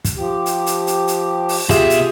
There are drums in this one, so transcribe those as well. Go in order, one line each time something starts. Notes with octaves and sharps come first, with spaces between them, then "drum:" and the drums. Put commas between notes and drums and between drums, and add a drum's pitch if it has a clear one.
drum: kick, hi-hat
F3 G4
drum: hi-hat
drum: hi-hat
drum: hi-hat
drum: hi-hat
drum: open hi-hat
B2 F4 G4 G#4 E5, drum: kick, hi-hat
drum: hi-hat